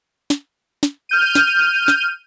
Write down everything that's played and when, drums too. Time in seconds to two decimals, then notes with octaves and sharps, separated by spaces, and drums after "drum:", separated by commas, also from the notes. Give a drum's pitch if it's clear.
0.30 drum: snare
0.83 drum: snare
1.09 F6 G6 D#7
1.35 drum: snare
1.88 drum: snare